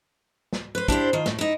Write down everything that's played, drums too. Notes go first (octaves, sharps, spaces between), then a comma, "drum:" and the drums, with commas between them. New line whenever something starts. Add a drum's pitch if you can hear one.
drum: snare
B4 C5
D4 E4 G4 C5, drum: kick
D#3 F4
A2, drum: snare
D#4 E4